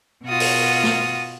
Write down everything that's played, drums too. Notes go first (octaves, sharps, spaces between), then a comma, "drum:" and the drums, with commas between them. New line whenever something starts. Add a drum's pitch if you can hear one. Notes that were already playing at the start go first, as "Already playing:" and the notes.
B2 F4 F#4 D#6
drum: open hi-hat
drum: snare